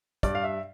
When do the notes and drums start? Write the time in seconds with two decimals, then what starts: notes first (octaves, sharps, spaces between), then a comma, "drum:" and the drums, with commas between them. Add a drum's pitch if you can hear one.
0.23 G2 D5, drum: kick, hi-hat
0.35 F5
0.44 E5